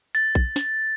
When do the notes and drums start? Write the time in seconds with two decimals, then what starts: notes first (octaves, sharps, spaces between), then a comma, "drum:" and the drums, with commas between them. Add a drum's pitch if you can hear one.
0.15 A6, drum: hi-hat
0.35 drum: kick A#1
0.56 drum: snare